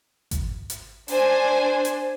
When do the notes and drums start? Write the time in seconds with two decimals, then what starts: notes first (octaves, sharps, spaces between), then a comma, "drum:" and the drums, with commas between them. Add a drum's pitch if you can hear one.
0.31 drum: kick G#1, hi-hat
0.70 drum: hi-hat
1.08 D4 C5 G#5, drum: open hi-hat
1.85 drum: hi-hat